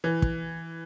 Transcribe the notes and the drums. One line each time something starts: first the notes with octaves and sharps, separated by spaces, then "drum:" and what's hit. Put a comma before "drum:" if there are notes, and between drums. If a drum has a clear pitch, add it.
E3
drum: kick